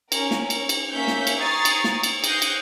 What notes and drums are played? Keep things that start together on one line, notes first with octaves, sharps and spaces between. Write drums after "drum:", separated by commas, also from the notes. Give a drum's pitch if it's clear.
C#4 A#4, drum: cymbal
drum: snare
drum: cymbal
drum: cymbal
A#3 C#4 E5 G6 B6
drum: snare
drum: cymbal
A#5 C#6 D#6 G#6 A6 C7
drum: cymbal
drum: snare
drum: cymbal
D#6 F#6 G6 A#6 C7, drum: cymbal
drum: cymbal